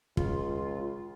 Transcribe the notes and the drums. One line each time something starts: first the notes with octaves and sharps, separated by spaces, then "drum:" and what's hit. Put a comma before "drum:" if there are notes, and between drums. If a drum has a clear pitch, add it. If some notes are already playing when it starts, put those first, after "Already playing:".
C#2 F4, drum: kick